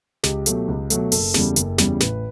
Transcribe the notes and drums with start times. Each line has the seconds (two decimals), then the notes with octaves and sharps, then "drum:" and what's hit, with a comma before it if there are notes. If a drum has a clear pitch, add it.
0.24 C#2 G4, drum: snare
0.46 B2 F#3 A3, drum: hi-hat
0.68 C#2
0.90 B2 F#3 A3, drum: hi-hat
1.12 F#1 A4, drum: open hi-hat
1.34 E2 C#3 G3, drum: snare
1.56 F#1, drum: hi-hat
1.78 E2 C#3 G3, drum: snare
2.00 A1 B4, drum: snare